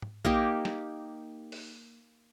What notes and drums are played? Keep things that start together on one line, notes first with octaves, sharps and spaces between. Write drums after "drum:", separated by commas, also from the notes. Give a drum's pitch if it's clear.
drum: tom
A#3 D#4 G4, drum: kick A#1
drum: snare
drum: open hi-hat